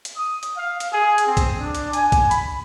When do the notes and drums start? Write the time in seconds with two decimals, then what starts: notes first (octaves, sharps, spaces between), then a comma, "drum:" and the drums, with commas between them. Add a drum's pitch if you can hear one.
0.05 drum: hi-hat
0.17 D#6
0.43 drum: hi-hat
0.57 F5
0.80 drum: hi-hat
0.93 G#4
1.18 drum: hi-hat
1.27 C4
1.37 drum: kick B1, hi-hat
1.60 D4
1.75 drum: hi-hat
1.93 G#5, drum: hi-hat
2.12 drum: kick B1, hi-hat
2.31 B5, drum: hi-hat